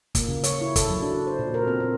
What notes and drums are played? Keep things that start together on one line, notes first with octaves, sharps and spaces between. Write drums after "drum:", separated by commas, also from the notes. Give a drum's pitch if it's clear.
A#3, drum: kick, hi-hat
C#3
C#5, drum: hi-hat
E4
A4, drum: kick, hi-hat
F#3
D4
C5
A#2
A#4
C4
C4